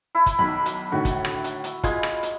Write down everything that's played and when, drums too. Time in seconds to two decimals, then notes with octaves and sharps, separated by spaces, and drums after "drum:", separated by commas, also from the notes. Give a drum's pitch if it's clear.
0.15 E4
0.26 drum: kick, hi-hat
0.39 B1 D#3 B5
0.66 drum: hi-hat
0.92 A2 D3 D#3 F#4
1.05 drum: kick, hi-hat
1.25 drum: rim click
1.44 drum: hi-hat
1.64 drum: hi-hat
1.84 G#3 F4 B5 G#6, drum: kick, hi-hat
2.03 drum: rim click
2.23 drum: hi-hat